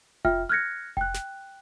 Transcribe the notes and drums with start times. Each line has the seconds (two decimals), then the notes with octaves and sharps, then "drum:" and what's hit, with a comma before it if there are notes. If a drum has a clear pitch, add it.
0.25 F4 E5 G5 F6, drum: kick F1
0.49 F6 F#6 G#6 A#6 C#7
0.97 G5 F#6, drum: kick F1
1.14 drum: snare